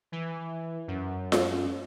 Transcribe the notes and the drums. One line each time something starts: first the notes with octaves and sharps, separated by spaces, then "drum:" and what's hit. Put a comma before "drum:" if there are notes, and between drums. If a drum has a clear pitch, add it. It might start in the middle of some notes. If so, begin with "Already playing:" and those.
E3
F#2
drum: snare F4